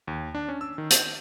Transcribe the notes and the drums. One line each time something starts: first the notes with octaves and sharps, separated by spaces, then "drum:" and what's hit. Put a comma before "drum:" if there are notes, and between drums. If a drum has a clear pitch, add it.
D#2
D4
C#4
E6
D#3
G6, drum: hi-hat